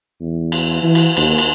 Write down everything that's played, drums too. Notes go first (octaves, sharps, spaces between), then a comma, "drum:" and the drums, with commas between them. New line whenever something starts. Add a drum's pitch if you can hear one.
E2
drum: cymbal
E3
drum: cymbal
D#2, drum: cymbal
drum: cymbal